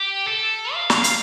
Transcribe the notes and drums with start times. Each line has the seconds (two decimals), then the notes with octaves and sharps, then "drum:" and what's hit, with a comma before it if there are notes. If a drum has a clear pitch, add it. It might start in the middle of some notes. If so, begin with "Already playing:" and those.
Already playing: G4
0.27 A4
0.73 F5
0.90 drum: snare
1.04 F5, drum: hi-hat